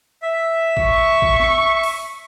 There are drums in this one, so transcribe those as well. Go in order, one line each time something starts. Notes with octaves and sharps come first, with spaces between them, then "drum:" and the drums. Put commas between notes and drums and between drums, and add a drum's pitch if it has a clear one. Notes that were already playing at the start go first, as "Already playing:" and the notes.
E5
C#6, drum: kick G#1
drum: kick G#1
drum: snare
drum: open hi-hat